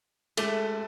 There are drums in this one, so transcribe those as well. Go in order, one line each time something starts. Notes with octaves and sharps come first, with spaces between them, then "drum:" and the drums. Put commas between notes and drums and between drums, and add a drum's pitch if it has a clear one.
G#3 A3 D6 G7, drum: cymbal